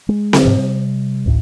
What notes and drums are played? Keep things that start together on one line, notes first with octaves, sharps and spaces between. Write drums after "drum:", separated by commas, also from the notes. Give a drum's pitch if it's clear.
G#3
drum: snare C4
G#2 C3 F3
C3 G3
A1 D2 A2